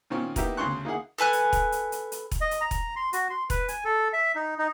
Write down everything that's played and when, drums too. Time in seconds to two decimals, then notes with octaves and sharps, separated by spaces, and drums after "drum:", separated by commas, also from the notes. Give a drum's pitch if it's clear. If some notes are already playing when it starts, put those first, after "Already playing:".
0.10 A#2 D#3 C4 C#4
0.36 A#3 B3 D#4 E4 G4 E5, drum: kick E1, hi-hat
0.57 D2 C#3 C#4 C6 C#6 F#6
0.85 A#3 D#4 E4 G#4 F#5
1.18 A4 B4 G#5 F#6
1.33 drum: hi-hat
1.53 drum: kick E1, hi-hat
1.72 drum: hi-hat
1.92 drum: hi-hat
2.12 drum: hi-hat
2.31 drum: kick E1, hi-hat
2.41 D#5
2.51 drum: hi-hat
2.61 A#5
2.71 drum: kick E1, hi-hat
2.96 C6
3.13 F#4, drum: hi-hat
3.30 C6
3.50 B4, drum: kick E1, hi-hat
3.68 G#5, drum: hi-hat
3.84 A4
4.13 E5
4.35 D#4
4.59 D#4